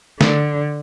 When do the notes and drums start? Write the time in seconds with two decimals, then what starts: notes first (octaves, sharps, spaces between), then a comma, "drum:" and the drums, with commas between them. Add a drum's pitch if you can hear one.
0.21 D3, drum: snare